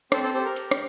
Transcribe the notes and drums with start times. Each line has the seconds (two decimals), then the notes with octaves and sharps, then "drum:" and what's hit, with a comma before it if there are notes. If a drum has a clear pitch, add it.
0.12 C4 A4 C5, drum: rim click
0.23 A4 C5
0.34 G4 A4 C5
0.45 A#4
0.56 G4, drum: hi-hat
0.71 drum: rim click